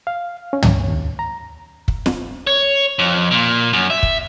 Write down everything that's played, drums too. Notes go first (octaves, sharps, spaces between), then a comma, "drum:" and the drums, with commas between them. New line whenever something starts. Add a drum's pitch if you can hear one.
F5
C#4
drum: tom
D#2
A#5
drum: kick
drum: snare
C#5
F2
A#2
F#2
E5
drum: kick